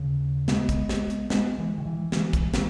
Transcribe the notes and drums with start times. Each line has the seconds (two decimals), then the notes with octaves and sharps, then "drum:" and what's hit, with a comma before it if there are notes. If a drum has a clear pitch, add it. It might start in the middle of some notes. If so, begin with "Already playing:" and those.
Already playing: D#2 C#3
0.48 G#3 B3, drum: snare
0.69 drum: kick, hi-hat
0.89 drum: snare
1.10 drum: hi-hat
1.30 G#3 B3, drum: snare
1.58 E3 G#3
1.78 D#3
1.86 E3
2.12 E3 G#3, drum: snare
2.33 drum: kick, hi-hat
2.54 E3 G#3, drum: snare